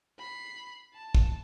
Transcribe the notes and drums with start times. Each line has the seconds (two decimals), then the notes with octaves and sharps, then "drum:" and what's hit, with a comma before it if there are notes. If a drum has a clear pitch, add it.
0.18 B5 C7
0.94 A5
1.15 drum: kick